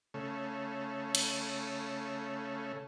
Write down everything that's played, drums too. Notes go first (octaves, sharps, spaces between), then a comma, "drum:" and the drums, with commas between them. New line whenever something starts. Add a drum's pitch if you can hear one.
C#3 A3
drum: cymbal